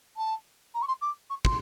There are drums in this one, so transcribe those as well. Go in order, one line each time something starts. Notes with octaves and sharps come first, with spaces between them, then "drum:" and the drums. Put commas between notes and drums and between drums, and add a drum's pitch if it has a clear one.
A5
A#5
C#6
C6
D6
C#6
C6, drum: kick